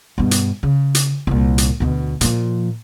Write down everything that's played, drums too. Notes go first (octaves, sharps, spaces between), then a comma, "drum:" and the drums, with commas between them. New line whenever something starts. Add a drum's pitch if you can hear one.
G2 B2
drum: hi-hat
C#3
drum: hi-hat
C2 A#2
drum: hi-hat
D2 B2
A#2 F3, drum: hi-hat